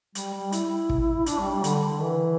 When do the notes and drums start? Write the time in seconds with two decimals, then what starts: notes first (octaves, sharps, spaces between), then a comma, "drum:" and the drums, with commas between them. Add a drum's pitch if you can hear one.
0.15 G3, drum: hi-hat
0.34 G3
0.52 E4, drum: hi-hat
0.89 drum: kick
1.26 D4, drum: hi-hat
1.39 G3
1.51 G3
1.64 D3, drum: hi-hat
1.83 D3
2.02 E3